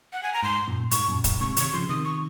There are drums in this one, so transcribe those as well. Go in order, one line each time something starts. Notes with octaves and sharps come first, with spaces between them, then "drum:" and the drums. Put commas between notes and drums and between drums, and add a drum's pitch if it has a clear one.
F#5
G#5
A#5
G#2 C6
F#2 A#2
G#2 C#6, drum: hi-hat
F#2 A#2
F#2 A#2, drum: kick, hi-hat
G#2 C3 C#6
C3 D#3 C#6, drum: hi-hat
C#3 F3 C6
C3 D#3 D#6
C#6